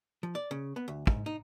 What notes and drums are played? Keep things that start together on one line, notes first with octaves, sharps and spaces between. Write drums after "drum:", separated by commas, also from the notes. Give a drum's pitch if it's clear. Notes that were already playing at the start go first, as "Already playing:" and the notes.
F3
D5
C#3
B3
D2
G#2, drum: kick
D#4